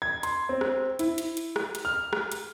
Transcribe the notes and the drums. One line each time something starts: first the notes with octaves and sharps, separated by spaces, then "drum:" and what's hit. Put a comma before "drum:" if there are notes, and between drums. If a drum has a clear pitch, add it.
G#6
C6, drum: hi-hat
C4
drum: rim click
E4, drum: hi-hat
drum: hi-hat
drum: hi-hat
drum: rim click
drum: hi-hat
F6
drum: rim click
drum: hi-hat